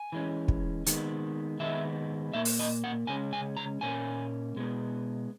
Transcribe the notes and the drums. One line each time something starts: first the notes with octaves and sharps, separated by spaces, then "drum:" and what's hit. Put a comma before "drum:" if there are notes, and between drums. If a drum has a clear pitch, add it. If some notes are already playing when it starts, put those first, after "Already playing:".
Already playing: G#5
E3 G#3 C#4
drum: kick
D#3 G#3 B3, drum: hi-hat
D#3 G#3 B3 E5
A#2 A#3 E5
drum: open hi-hat
D#5
F#5
C#3 G#3 C#4 G#5
G#5
A#5
A#2 A#3 C#4 G#5
B2 G#3 B3